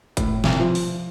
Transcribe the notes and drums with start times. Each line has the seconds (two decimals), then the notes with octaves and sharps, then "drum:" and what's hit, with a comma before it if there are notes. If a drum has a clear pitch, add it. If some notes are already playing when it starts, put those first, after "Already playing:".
0.17 A2, drum: kick F#1, hi-hat
0.44 C2, drum: snare
0.59 F3
0.75 drum: open hi-hat